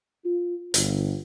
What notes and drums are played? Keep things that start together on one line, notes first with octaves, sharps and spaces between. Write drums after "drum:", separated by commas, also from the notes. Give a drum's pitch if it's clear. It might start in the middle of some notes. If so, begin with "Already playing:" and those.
F4
G1, drum: hi-hat